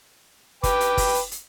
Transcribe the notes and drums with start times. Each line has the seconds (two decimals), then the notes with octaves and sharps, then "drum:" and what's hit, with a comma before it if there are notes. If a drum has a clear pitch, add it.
0.63 B4 G5 D6, drum: kick, hi-hat
0.80 drum: hi-hat
0.97 drum: kick, open hi-hat
1.14 drum: hi-hat
1.31 drum: hi-hat